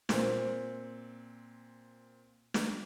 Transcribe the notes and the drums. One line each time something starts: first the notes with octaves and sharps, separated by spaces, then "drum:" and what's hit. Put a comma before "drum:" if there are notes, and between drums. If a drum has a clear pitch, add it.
A#2 C4, drum: snare
drum: snare